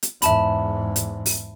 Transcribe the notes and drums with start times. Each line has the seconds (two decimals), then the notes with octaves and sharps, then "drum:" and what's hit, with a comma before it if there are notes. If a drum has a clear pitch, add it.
0.03 drum: hi-hat
0.22 E2 G#2 E5 A5 B5, drum: hi-hat
0.96 drum: hi-hat
1.26 drum: open hi-hat